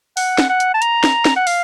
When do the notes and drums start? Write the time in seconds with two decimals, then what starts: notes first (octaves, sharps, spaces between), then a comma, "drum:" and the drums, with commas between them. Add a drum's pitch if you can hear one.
0.17 F#5, drum: open hi-hat
0.38 drum: snare
0.50 F#5
0.60 drum: hi-hat
0.74 A5
0.82 A#5, drum: hi-hat
1.04 drum: snare
1.25 drum: snare
1.36 F#5
1.47 F5, drum: open hi-hat